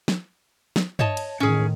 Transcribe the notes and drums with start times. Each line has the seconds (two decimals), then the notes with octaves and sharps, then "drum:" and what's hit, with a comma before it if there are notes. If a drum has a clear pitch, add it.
0.08 drum: snare
0.76 drum: snare
0.99 C#5 D#5 A5, drum: tom G2
1.17 drum: cymbal
1.40 A2 D#3 C#4 G#4